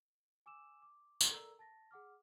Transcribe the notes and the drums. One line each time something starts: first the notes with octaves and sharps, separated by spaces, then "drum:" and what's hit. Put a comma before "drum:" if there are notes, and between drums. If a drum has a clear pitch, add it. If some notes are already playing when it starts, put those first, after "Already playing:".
G#5 D6 E6 E7
D6
drum: tambourine
A4 A#4 D5 A#5 E6
A5 A6 A#6
G#4 F#5 D6 F6